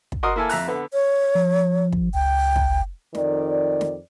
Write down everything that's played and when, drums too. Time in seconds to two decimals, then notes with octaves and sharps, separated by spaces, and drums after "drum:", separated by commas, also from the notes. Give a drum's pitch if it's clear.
0.12 drum: kick
0.23 F#4 A#4 D#5 C6 D#6
0.36 A#3 E4 A4 G#5
0.49 F2 E5 A#5 F#6, drum: open hi-hat
0.68 D3 B3
0.92 C#5
1.35 F3
1.92 drum: kick
2.14 C#2 G5
2.56 drum: kick
3.15 F2 D#3 D5, drum: snare
3.81 drum: snare